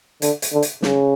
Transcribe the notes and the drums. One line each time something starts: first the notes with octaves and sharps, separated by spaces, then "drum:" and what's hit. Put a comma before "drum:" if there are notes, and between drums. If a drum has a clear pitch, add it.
D3, drum: hi-hat
drum: hi-hat
D3
drum: hi-hat
C#3, drum: snare